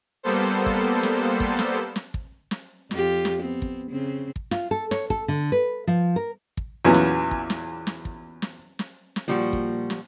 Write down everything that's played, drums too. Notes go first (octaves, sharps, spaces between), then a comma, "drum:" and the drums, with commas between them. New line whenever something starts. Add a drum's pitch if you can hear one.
G3 A#3 B3 A4 C5
drum: kick
drum: snare
drum: kick
drum: snare
drum: snare
drum: kick
drum: snare
F2 F4 G4, drum: snare
drum: snare
B3 C4
drum: kick
C#3 C4
drum: kick
F4, drum: snare
A4
C#5, drum: snare
A4, drum: kick
D3
B4
F3
A#4
drum: kick
E2 A#2 F#3 B3 C#4
drum: snare
drum: kick
drum: snare
drum: snare
drum: kick
drum: snare
drum: snare
drum: snare
A#2 F3 G3 F#4
drum: kick
drum: snare